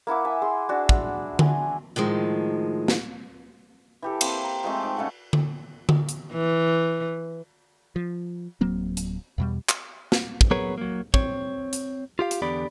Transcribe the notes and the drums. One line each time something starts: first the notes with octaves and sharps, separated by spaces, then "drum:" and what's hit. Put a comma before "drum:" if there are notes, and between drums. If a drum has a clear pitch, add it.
A#3 E4 F#5 D6
E5 G#5 A5
G#4 C6
D4 F#4
drum: kick
G#5, drum: tom D3
A2 D#3 F3 G#3
drum: snare
E3 G4 A4
A#3 C4, drum: cymbal
A#5
F3 G#3 A3 C4
D#4 D6
C#3 A3 A4 F#5
drum: tom D3
drum: tom D3
drum: hi-hat
E3
F3
D1 F#3 A#3 C4
drum: hi-hat
E2 B2 G3
drum: clap
drum: snare
drum: kick
F#3 B3 G#4 A#4 B4 C#5
F#3 A#3
C4 C#5, drum: kick
drum: hi-hat
F4 G4 F5
drum: hi-hat
E2 D3 B3 G4 D5 B5